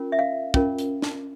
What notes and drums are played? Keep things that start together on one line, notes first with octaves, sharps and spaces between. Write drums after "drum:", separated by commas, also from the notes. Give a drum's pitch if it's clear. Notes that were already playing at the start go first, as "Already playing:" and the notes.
Already playing: C#4 F4 A#4
E5
F5
C#4 F4 A#4, drum: kick
drum: hi-hat
drum: snare